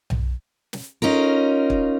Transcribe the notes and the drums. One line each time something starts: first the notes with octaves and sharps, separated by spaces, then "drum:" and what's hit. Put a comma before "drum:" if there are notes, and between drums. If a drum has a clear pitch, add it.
drum: tom B1
drum: snare
C#4 D#4 F4 A#4
drum: kick